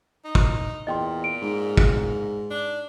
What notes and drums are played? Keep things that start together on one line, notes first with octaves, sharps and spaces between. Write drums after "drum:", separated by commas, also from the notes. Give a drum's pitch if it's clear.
D#4
drum: kick
E2 A#2 D#5 G5 C6
D7
G#2
drum: kick
D4